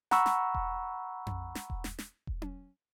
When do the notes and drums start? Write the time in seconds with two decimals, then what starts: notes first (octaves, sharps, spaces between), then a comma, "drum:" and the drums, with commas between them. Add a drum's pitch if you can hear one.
0.11 F#5 A#5 B5 C#6 E6, drum: snare
0.26 drum: snare
0.55 drum: kick E1
1.27 drum: tom F2
1.55 drum: snare
1.70 drum: kick E1
1.84 drum: snare
1.99 drum: snare
2.27 drum: kick E1
2.42 drum: tom C#4